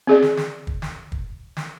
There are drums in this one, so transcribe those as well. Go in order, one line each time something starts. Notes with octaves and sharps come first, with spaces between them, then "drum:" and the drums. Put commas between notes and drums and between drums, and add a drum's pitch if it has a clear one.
C4 G#4 D5
drum: snare
drum: snare
drum: kick
drum: snare
drum: kick
drum: snare